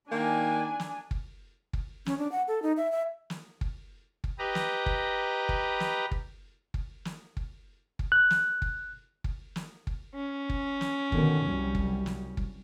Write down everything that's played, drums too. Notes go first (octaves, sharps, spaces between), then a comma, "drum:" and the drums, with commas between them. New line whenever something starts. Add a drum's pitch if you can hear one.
D#3 A#3 D4 G#5
drum: snare
drum: kick
drum: kick
C#4, drum: snare
D4
F#5
A4
D#4
E5
E5
drum: snare
drum: kick
drum: kick
G4 B4 D#5 A#5
drum: snare
drum: kick
drum: kick
drum: snare
drum: kick
drum: kick
drum: snare
drum: kick
drum: kick
F#6
drum: snare
drum: kick
drum: kick
drum: snare
drum: kick
C#4
drum: kick
drum: snare
B2 D3 D#3, drum: kick
C2 F#3 G3
drum: kick
drum: snare
drum: kick